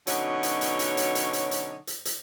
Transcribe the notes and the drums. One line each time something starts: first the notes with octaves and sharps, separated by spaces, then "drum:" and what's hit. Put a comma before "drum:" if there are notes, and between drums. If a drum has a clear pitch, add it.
B2 D3 F#3 C#4 D#4 C#5, drum: hi-hat
drum: hi-hat
drum: hi-hat
drum: hi-hat
drum: hi-hat
drum: hi-hat
drum: hi-hat
drum: hi-hat
drum: hi-hat
drum: hi-hat